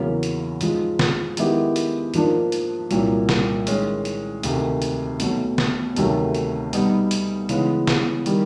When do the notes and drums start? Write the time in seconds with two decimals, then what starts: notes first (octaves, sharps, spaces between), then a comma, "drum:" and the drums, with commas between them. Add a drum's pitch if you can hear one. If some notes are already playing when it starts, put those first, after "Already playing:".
Already playing: E2 C#3 F#3 A#3 C#4
0.23 drum: hi-hat
0.61 G#2 F3 G#3, drum: hi-hat
0.99 drum: snare
1.37 D#3 G#3 B3 E4 G4, drum: hi-hat
1.76 drum: hi-hat
2.14 G#2 F3 A#3 D4, drum: hi-hat
2.52 drum: hi-hat
2.91 C2 A#2 F#3, drum: hi-hat
3.29 drum: snare
3.67 D#3 G#3 C#4, drum: hi-hat
4.05 drum: hi-hat
4.43 D2 C3 D#3, drum: hi-hat
4.82 drum: hi-hat
5.20 B2 F#3 A3, drum: hi-hat
5.58 drum: snare
5.96 D2 C3 D#3 F#3 A3, drum: hi-hat
6.35 drum: hi-hat
6.73 B2 G3 B3 D#4, drum: hi-hat
7.11 drum: hi-hat
7.49 C#3 E3 G#3 B3, drum: hi-hat
7.87 drum: snare
8.26 D#3 G3, drum: hi-hat